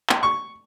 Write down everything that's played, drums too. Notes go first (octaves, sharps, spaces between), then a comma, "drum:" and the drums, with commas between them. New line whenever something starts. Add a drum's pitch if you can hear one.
drum: clap
C#6